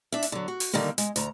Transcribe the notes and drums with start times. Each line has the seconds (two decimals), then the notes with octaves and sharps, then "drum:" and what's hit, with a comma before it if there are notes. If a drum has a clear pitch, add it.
0.12 D4 E5
0.23 drum: hi-hat
0.32 D3 F#3
0.48 F#4
0.60 drum: open hi-hat
0.73 D3 D#3 G3 A#3
0.98 G#3, drum: hi-hat
1.16 D2 A#5, drum: hi-hat